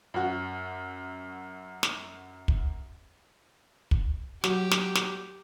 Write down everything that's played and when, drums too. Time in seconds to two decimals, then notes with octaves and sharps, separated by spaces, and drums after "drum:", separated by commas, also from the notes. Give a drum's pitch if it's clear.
0.14 F#2 F#4
1.83 drum: snare
2.48 drum: kick
3.91 drum: kick
4.44 F#3 G4, drum: snare
4.71 drum: snare
4.95 drum: snare